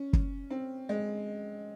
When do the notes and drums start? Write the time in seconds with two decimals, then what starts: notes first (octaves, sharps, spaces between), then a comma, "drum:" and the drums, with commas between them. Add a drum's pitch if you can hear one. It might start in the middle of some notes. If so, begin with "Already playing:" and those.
Already playing: C#4
0.13 drum: kick
0.50 C4
0.89 G#3